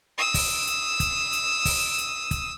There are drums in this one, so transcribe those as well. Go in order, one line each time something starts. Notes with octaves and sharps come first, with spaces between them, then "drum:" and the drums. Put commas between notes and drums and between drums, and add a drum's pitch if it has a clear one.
D#6 E6
drum: kick, open hi-hat
drum: hi-hat
drum: kick, hi-hat
drum: hi-hat
drum: kick, open hi-hat
drum: hi-hat
drum: kick, hi-hat